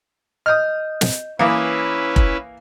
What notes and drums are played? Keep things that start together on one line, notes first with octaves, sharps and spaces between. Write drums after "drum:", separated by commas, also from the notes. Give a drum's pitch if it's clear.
D#5 D#6 F6 G6
drum: snare
E3 A#3 C#4 E4 B4 D6 D#6
drum: kick F1